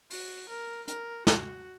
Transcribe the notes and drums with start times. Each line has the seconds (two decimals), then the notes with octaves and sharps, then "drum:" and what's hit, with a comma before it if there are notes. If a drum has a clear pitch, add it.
0.10 F#4, drum: open hi-hat
0.49 A#4
0.88 A#4, drum: hi-hat
1.27 F#4, drum: snare